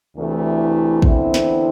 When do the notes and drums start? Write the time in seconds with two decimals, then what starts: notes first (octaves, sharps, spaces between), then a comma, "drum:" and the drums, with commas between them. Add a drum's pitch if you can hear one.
0.16 D2 C3 E3 A3 E4
1.02 E2 D3 C4 E4, drum: kick
1.34 drum: snare